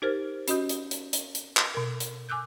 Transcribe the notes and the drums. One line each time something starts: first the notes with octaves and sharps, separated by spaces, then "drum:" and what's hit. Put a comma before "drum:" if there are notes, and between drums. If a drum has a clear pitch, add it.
D#4 G4 A#4 C5 F6 A6
C#4 F#4 D#5 D#6 G6, drum: hi-hat
drum: hi-hat
drum: hi-hat
drum: hi-hat
drum: hi-hat
drum: clap
B2 A#4
drum: hi-hat
G#5 D6 E6 F#6 G6